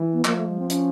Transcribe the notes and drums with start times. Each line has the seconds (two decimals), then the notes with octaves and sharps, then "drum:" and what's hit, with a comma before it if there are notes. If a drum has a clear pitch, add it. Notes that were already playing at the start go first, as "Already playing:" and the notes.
Already playing: E3
0.13 B3
0.25 F3 A#3, drum: clap
0.36 A3
0.47 G#3
0.59 C4
0.70 C#4, drum: hi-hat